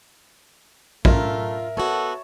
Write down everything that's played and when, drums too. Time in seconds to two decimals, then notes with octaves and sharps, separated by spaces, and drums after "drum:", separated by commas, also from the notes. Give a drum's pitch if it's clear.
1.05 A3 F4 A#4 E5 A#5, drum: kick
1.77 B3 F#4 A4 C#5 A5